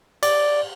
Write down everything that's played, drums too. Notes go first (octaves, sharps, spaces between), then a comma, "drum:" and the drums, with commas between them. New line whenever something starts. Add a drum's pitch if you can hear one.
D5, drum: cymbal